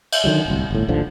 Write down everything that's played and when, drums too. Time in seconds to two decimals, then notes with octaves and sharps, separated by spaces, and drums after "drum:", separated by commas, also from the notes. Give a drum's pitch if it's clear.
0.12 drum: cymbal
0.24 D3 D#3 F#3 G#3
0.46 D1 C2
0.71 G1 A2
0.88 G#1 D#2 D3 F3